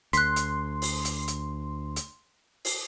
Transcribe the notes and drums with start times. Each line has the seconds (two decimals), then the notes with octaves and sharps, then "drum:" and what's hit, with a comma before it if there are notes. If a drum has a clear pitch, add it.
0.13 D2 C6 F#6 B6, drum: hi-hat
0.36 drum: hi-hat
0.82 drum: open hi-hat
1.05 drum: hi-hat
1.28 drum: hi-hat
1.96 drum: hi-hat
2.65 drum: open hi-hat